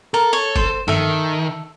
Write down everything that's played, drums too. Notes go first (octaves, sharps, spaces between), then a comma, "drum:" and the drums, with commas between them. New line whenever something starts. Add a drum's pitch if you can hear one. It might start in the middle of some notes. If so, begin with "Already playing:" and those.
A4 A#4
C#5
C5, drum: kick
D#3 A4 E5, drum: tom G2